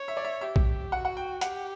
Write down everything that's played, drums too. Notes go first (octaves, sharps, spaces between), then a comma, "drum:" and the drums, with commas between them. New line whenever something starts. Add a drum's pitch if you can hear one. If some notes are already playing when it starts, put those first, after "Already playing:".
Already playing: C#5
E5
D5
E5
G4 E5
drum: kick B1
F#4 F#5
F#5
G5
G4 F#5, drum: hi-hat